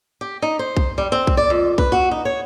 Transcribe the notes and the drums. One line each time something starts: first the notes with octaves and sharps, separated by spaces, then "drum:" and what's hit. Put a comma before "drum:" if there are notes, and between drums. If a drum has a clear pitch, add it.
G4
D#4
C5
drum: kick B1
G3
C4
drum: kick B1
D5
F2
B4, drum: kick B1
F#4
D#4
C#5